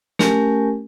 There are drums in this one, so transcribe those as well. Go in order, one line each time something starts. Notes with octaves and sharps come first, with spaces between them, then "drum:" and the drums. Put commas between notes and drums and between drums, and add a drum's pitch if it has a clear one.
A3 C#4 G4 A#4 G#5, drum: snare